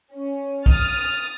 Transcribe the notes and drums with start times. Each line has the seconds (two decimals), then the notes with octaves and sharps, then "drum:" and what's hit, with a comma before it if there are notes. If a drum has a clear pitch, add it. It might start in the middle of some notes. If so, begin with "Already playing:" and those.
0.13 C#4
0.66 D#6 F6 A6, drum: kick